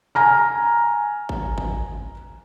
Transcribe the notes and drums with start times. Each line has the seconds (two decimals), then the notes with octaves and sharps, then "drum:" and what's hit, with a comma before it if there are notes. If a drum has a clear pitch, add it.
0.15 G#5 A#5 F6
1.29 drum: kick G#1
1.58 drum: kick G#1